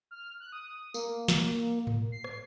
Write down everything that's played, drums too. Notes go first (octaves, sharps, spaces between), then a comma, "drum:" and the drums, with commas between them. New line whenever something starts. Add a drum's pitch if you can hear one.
F6
F#6
D#6
A#3, drum: tambourine
drum: snare
drum: tom G#2
C7
drum: rim click